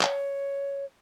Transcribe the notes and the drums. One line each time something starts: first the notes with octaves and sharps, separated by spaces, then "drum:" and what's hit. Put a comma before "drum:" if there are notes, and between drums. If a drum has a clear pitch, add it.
C#5, drum: clap